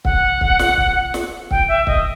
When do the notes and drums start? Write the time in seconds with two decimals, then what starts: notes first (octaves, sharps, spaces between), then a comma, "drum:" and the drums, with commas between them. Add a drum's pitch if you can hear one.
0.05 F#5, drum: kick C#1
0.41 drum: kick C#1
0.59 drum: snare
0.78 drum: kick C#1
1.14 drum: snare
1.51 G5, drum: kick C#1
1.68 E5
1.87 D#5, drum: kick C#1